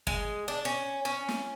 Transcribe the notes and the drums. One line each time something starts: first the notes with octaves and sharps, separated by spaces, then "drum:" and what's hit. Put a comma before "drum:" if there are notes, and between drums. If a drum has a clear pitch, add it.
G#3, drum: kick
D4
C#4
C#4
drum: snare